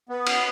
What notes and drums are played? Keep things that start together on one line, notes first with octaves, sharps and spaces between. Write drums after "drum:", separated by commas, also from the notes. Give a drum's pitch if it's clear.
B3
drum: cymbal